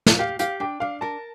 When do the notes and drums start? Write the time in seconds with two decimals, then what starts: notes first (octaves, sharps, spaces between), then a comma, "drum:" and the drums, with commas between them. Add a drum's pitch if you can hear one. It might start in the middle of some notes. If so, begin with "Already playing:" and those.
0.06 drum: snare
0.19 G4 F5
0.39 G4 F5, drum: hi-hat
0.60 D4 G5
0.80 D4 F5
1.01 A#4 A5